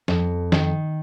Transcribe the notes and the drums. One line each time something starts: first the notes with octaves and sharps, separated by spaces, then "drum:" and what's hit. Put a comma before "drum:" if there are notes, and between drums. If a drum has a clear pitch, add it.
F2, drum: snare
D#3, drum: snare